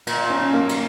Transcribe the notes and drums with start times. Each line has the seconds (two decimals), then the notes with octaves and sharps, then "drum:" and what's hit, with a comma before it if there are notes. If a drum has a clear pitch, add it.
0.07 A#2, drum: cymbal
0.30 C#4
0.54 A#3
0.69 drum: cymbal